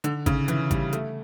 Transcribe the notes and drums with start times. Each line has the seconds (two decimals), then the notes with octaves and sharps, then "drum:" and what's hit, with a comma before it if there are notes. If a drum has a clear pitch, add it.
0.04 D3, drum: hi-hat
0.26 C#3, drum: kick, hi-hat
0.48 E3, drum: hi-hat
0.71 G3, drum: kick, hi-hat
0.93 A3, drum: hi-hat